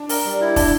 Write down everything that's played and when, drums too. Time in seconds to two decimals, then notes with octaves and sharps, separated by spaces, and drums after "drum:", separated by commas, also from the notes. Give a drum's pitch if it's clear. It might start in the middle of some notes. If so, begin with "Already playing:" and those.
Already playing: D4
0.09 A#4, drum: open hi-hat
0.25 G3
0.41 E4
0.56 D4, drum: kick, open hi-hat